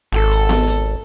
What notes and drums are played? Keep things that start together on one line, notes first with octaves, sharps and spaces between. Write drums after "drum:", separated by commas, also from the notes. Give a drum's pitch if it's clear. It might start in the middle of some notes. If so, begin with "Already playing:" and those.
G#1 A4
drum: hi-hat
drum: snare B3
drum: hi-hat